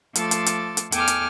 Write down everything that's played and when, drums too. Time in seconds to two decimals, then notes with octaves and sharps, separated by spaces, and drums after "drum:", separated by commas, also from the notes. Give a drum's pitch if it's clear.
0.15 F3 A3 A4 C6 D6 A6, drum: hi-hat
0.31 drum: hi-hat
0.46 drum: hi-hat
0.77 drum: hi-hat
0.92 E2 A4 G5 G#5 D6 F6, drum: hi-hat
1.08 drum: hi-hat